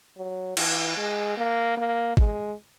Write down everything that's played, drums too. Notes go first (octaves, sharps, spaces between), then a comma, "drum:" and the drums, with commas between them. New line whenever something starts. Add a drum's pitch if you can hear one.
F#3
E3, drum: cymbal
G#3
A#3
A#3
G#3, drum: kick G#1